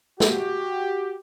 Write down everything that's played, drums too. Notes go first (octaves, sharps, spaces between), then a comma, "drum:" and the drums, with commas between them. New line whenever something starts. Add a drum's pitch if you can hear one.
F#4 G4, drum: snare